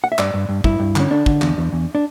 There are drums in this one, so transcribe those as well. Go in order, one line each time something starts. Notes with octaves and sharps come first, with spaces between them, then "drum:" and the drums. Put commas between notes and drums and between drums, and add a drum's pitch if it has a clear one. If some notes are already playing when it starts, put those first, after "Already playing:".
F#5
E5
G2 D5, drum: clap
G2
G2
G2 E4, drum: kick
G2
D3 C#4, drum: clap
D3 D4
D3, drum: kick
E2, drum: clap
E2
E2
D4